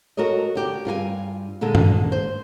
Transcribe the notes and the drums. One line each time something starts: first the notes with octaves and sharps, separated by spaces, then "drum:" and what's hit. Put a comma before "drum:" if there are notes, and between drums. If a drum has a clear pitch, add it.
F#4 A4 A#4 C#5 D#5
D3 G4
G2 F4 A#4 G#5
A#2 D3 G#3 A4
drum: tom
C5